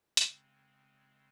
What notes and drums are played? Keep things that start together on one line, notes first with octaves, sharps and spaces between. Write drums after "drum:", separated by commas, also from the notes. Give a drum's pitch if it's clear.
C#3 G#3 C4, drum: hi-hat